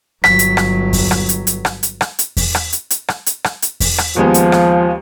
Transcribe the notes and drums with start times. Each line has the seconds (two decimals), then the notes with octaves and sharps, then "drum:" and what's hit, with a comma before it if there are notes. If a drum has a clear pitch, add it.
0.24 G1 F#3 B6, drum: rim click
0.39 drum: hi-hat
0.57 drum: rim click
0.93 drum: kick E2, open hi-hat
1.11 drum: rim click
1.29 drum: hi-hat
1.47 drum: hi-hat
1.65 drum: rim click
1.83 drum: hi-hat
2.01 drum: rim click
2.19 drum: hi-hat
2.37 drum: kick E2, open hi-hat
2.55 drum: rim click
2.73 drum: hi-hat
2.90 drum: hi-hat
3.08 drum: rim click
3.26 drum: hi-hat
3.44 drum: rim click
3.62 drum: hi-hat
3.80 drum: kick E2, open hi-hat
3.98 drum: rim click
4.16 D#2 F3 G#3 B3
4.34 drum: hi-hat
4.52 drum: rim click